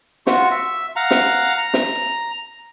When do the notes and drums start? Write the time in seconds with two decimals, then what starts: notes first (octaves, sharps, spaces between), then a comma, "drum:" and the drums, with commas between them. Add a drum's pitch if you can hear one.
0.27 F4 F#4 C#6, drum: snare
0.51 E5
0.96 F5 F#5 A#5
1.11 drum: snare
1.57 A#5
1.74 drum: snare